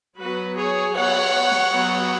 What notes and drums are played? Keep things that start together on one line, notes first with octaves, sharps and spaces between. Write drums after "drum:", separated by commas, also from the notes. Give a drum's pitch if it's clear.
F#3 B3 F#4 B4
G#4 C#5
F#3 B3 C#5 F#5, drum: cymbal
drum: snare
F#3 B3